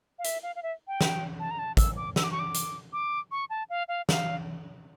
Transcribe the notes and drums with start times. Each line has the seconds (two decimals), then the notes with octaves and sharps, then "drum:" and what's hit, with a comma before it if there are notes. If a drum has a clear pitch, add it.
0.19 F5
0.24 E5, drum: hi-hat
0.43 F5
0.55 F5
0.63 E5
0.87 G5
1.01 drum: snare
1.39 A5
1.51 A#5
1.59 A5
1.77 E6, drum: kick, hi-hat
1.96 D6
2.16 E6, drum: snare
2.24 D6
2.31 C#6
2.39 D6
2.54 drum: hi-hat
2.93 D6
3.31 C#6
3.50 A5
3.70 F5
3.88 F5
4.09 F5, drum: snare